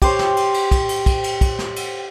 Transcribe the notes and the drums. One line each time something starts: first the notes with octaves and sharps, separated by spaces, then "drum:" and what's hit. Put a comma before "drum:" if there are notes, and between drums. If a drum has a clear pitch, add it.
G4 C5 C#5, drum: kick, cymbal
drum: snare
drum: cymbal
drum: cymbal
drum: kick, cymbal
drum: cymbal
drum: kick, cymbal
drum: cymbal
drum: kick, cymbal
drum: snare
drum: cymbal